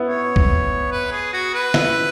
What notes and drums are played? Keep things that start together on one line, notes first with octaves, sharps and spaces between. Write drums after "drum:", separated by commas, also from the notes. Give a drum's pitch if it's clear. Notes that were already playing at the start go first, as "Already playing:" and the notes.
Already playing: B3 E4
C#5
drum: kick
B4
G#4
F#4
B4
E4, drum: snare